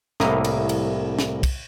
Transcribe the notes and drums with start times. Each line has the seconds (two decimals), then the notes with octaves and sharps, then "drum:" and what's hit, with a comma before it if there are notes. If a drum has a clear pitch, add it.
0.20 C2 A2 A#3 E4 D#5 A#5, drum: snare
0.45 drum: cymbal
0.69 drum: cymbal
1.19 drum: snare
1.43 drum: kick, cymbal